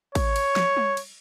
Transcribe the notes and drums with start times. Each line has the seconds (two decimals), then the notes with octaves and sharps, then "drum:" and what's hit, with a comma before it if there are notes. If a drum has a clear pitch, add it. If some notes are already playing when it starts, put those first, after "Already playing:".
0.15 C#5, drum: kick A1, cymbal
0.36 drum: cymbal
0.56 drum: snare
0.77 drum: tom G3
0.97 drum: cymbal